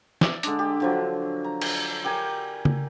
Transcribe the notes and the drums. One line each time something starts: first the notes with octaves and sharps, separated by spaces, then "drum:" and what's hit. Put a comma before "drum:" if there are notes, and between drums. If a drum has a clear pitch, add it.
D5 E5, drum: snare
D3 G#3 D4, drum: hi-hat
G4
D3 F3 F#3
A#5
drum: cymbal
G4 A#4 G#5
drum: tom C#3